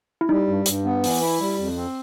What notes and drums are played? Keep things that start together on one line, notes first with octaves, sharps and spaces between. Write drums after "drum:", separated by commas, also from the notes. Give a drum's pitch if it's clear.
E4
G3 D#4
G2
G2, drum: hi-hat
B3
E3, drum: open hi-hat
E4
G3
F2
C4